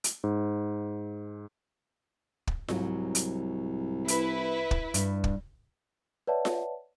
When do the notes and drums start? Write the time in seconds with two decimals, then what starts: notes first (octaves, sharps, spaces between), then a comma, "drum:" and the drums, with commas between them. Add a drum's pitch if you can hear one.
0.04 drum: hi-hat
0.24 G#2
2.47 drum: kick
2.68 C2 G#2 F#3, drum: snare F4
3.15 drum: hi-hat
4.08 E4 B4, drum: hi-hat
4.71 drum: kick
4.94 G2, drum: hi-hat
5.24 drum: kick
6.27 B4 C#5 D5 E5 F#5 A5
6.45 drum: snare F4